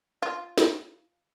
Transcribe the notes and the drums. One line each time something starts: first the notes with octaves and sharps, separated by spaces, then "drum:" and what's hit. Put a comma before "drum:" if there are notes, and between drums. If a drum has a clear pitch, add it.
F4
drum: snare